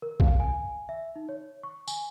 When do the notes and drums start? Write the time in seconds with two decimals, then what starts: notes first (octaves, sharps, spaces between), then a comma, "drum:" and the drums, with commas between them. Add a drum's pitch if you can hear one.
0.02 A#4
0.20 F5, drum: kick B1
0.40 G#5
0.89 E5
1.16 D#4
1.29 C#5
1.63 C#6
1.88 G#5, drum: tambourine